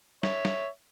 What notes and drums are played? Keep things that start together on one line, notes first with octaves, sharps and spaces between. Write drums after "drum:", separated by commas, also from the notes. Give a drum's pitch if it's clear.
C#5 E5, drum: snare
drum: snare